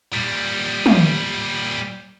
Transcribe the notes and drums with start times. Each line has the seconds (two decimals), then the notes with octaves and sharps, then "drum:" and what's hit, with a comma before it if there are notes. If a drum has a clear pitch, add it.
0.13 A#2 G3
0.86 drum: tom